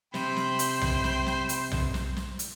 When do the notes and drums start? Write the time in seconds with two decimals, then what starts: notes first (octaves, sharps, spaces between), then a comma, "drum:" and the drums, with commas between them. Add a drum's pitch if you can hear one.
0.14 C3 C5 G5 B5 C6, drum: snare
0.36 drum: snare
0.59 drum: hi-hat
0.81 drum: tom B1
1.04 drum: snare
1.26 drum: snare
1.49 drum: hi-hat
1.71 drum: tom B1
1.94 drum: snare
2.16 drum: snare
2.39 drum: hi-hat